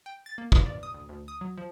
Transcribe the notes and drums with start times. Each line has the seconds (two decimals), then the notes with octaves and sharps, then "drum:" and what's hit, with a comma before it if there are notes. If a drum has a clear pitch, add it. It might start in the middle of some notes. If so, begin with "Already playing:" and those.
0.06 G5
0.26 A6
0.38 A#3
0.52 B4, drum: kick
0.66 D5
0.83 D#6
0.94 D2
1.09 D2
1.28 D#6
1.41 F#3
1.58 F3